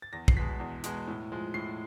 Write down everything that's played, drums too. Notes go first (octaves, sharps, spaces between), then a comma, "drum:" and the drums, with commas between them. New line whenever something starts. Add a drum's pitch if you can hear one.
A6
E2 A#6
C7, drum: kick
B2 G#3 B6
E2
B2 G#3, drum: hi-hat
A2
F3 G#3
A2 C7